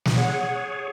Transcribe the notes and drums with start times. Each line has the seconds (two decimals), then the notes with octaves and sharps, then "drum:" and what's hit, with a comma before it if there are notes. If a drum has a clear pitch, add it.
0.05 drum: snare
0.16 G#4 C#5 F#5